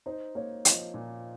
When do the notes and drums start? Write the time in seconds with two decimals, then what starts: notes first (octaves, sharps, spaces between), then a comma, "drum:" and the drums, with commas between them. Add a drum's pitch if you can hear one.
0.06 D#4 C5
0.35 A#3 C#5
0.65 F3 D#5, drum: hi-hat
0.94 A#2